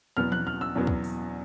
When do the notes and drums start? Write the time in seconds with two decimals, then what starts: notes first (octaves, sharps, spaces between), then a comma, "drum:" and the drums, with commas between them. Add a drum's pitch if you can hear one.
0.17 E2 B2 F#3 B3 F6
0.32 F#6, drum: tom E3
0.47 F6
0.61 E6
0.75 E2 B2 F#3 B3
0.87 drum: kick
1.04 drum: open hi-hat